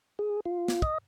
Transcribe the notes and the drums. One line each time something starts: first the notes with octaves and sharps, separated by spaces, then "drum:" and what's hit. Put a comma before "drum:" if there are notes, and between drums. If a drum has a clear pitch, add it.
G#4
F4
drum: snare
D#5, drum: kick